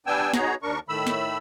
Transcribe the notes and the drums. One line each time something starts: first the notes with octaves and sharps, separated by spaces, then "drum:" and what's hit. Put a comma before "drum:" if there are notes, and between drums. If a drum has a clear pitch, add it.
G3 B3 D4 G5 G#5 E6
B3 D#4 F#4 G#4 C#5 A#5, drum: snare
D#2 D4 A#4 C#6
A2 D#3 A3 B5 E6
drum: snare